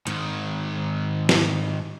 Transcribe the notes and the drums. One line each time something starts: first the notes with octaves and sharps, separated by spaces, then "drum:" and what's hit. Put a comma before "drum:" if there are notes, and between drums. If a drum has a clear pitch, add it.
G#2 D#3, drum: hi-hat
drum: snare